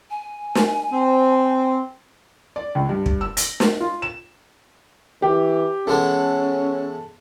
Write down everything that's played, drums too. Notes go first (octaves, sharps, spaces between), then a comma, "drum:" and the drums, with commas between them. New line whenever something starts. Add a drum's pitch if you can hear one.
G#5
drum: snare
C4
D5
C#2
G2
drum: kick
E6
A#6, drum: hi-hat
drum: snare
F4
E7
E3 G4
E3 G#3 B3 C#4 A4